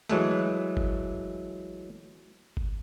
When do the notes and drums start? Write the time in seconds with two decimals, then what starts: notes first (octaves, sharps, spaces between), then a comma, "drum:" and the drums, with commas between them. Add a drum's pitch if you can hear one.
0.09 E3 F#3 G#3 A3, drum: hi-hat
0.77 drum: kick G1
2.57 drum: kick G1